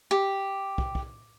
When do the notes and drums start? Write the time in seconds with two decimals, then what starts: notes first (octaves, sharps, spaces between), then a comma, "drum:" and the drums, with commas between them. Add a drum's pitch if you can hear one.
0.11 G4
0.78 drum: kick
0.95 drum: kick